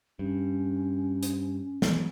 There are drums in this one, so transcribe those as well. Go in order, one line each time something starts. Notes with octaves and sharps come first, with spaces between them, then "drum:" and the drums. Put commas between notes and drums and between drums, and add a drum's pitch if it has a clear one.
G2 C#4
drum: hi-hat
E3 F#3 B3, drum: snare